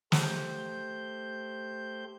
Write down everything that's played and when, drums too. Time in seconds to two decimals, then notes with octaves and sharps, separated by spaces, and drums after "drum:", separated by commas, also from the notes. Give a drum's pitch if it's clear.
0.12 A3 G4 C5 G6, drum: snare